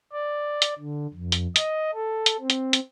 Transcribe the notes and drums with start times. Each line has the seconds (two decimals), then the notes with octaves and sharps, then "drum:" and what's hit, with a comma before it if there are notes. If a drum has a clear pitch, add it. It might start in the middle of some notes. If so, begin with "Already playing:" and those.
0.13 D5
0.62 drum: hi-hat
0.79 D3
1.14 F2
1.32 drum: hi-hat
1.56 D#5, drum: hi-hat
1.94 A4
2.26 drum: hi-hat
2.40 C4
2.50 drum: hi-hat
2.73 drum: hi-hat